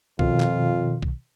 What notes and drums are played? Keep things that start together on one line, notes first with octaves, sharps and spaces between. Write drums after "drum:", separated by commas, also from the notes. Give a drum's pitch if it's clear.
F2 B2 D#3 F4, drum: kick B1
drum: clap
drum: kick B1